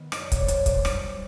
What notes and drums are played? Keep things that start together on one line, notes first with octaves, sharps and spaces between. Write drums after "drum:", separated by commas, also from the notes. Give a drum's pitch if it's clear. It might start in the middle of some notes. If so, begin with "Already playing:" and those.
Already playing: D#3 B3
F#2 D#5, drum: rim click
D5
C#5, drum: kick, hi-hat
D#3 G3 C5 D5
drum: hi-hat
F#2 C5 D5, drum: kick, hi-hat
drum: rim click
D#3 G3